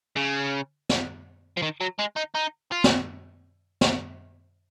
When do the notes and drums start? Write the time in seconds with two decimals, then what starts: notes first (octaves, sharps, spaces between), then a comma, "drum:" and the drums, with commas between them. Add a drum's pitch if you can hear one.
0.17 C#3
0.89 drum: snare
1.57 F3
1.62 D#3
1.81 F#3
1.99 G#3
2.16 D#4
2.35 D#4
2.72 F4
2.84 drum: snare
3.81 drum: snare